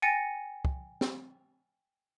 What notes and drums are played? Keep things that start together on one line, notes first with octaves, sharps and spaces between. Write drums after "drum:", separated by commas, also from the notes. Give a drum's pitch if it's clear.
G5 G#5 A6 A#6 C#7 D#7
drum: kick
drum: snare